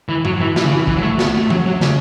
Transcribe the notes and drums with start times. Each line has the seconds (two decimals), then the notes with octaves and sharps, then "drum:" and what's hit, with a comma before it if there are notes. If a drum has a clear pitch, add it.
0.09 E3
0.25 F#3, drum: tom G2
0.41 E3
0.56 E3, drum: snare
0.64 C#3
0.71 E3
0.87 E3, drum: kick
0.96 F#3
1.02 A3
1.19 B3, drum: snare
1.34 A3
1.50 F#3, drum: tom E3
1.66 F#3
1.81 C#3, drum: snare